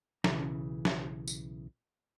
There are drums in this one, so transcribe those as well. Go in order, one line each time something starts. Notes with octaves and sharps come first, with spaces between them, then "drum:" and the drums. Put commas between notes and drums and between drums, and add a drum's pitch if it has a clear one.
B1 C#3 E3 A#5, drum: snare
drum: snare
drum: tambourine